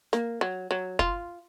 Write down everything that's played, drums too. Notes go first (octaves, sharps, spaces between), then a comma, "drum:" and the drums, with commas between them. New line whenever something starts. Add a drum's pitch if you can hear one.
A#3, drum: snare
F#3
F#3
F4, drum: kick